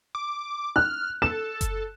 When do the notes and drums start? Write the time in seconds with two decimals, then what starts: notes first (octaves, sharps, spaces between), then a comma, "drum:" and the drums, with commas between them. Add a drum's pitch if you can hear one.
0.15 D6
0.76 F6 F#6
1.22 A4 E7
1.61 drum: kick F#1, hi-hat